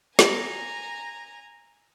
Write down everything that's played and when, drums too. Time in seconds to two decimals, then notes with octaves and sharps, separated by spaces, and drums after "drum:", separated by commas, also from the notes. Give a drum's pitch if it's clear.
0.19 G#5 A#5, drum: snare